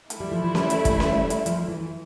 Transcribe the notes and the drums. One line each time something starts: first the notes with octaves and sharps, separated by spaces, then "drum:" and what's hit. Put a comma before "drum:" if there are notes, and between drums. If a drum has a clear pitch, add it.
E3 A3 E4, drum: hi-hat
G3
F3
F3
G3, drum: snare C#4
drum: hi-hat
drum: kick, hi-hat
drum: snare C#4
drum: hi-hat
F3, drum: hi-hat
E3